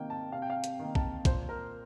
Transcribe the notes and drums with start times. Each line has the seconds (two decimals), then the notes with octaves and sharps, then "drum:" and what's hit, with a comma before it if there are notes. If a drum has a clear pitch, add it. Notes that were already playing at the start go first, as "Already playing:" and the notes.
Already playing: C3 D#3 A#3 D#4 G5
0.10 A5
0.32 C3 F5
0.42 G5
0.50 F5
0.64 drum: hi-hat
0.79 D#3 A#3
0.95 A5, drum: kick
1.25 A#2 C5, drum: kick, hi-hat
1.49 A#4